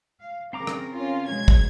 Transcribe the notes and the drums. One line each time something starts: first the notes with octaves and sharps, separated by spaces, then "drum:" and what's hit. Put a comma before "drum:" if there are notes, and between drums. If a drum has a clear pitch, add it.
F5
C#3 C4 A#4 A#5 D6
drum: rim click
C#4 F4
B2 F#3 G#3 G#6
drum: kick